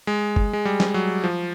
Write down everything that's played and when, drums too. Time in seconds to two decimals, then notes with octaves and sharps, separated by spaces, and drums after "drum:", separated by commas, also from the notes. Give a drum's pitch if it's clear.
0.07 G#3
0.36 drum: kick F#1
0.53 G#3
0.65 G3
0.80 drum: snare
0.94 F#3
1.24 F3